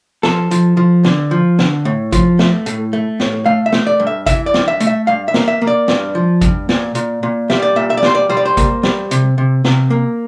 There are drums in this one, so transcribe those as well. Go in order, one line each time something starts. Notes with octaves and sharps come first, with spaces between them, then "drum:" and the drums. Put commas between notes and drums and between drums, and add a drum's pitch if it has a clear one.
F3 A4, drum: snare
F3, drum: hi-hat
F3
D3, drum: snare
F3
D3, drum: snare
A2
F3, drum: kick G#1, hi-hat
A3, drum: snare
A2, drum: hi-hat
A3
A2, drum: snare
A3 F5
E5
A3, drum: snare
D5
G2
E5
E3 E5, drum: kick G#1, hi-hat
D5
G2, drum: snare
E5
A3, drum: hi-hat
E5
G2 F5
E5
A#3, drum: snare
E5
A#3
D5
G2, drum: snare
F3
G2, drum: kick G#1, hi-hat
A#2, drum: snare
A#2, drum: hi-hat
A#2
G3 E5, drum: snare
D5
A#2 E5
E5
D5
G3 C5, drum: snare
D5
G3 C5
D5
C5
A#3, drum: kick G#1, hi-hat
G3, drum: snare
C3, drum: hi-hat
C3
C3, drum: snare
A#3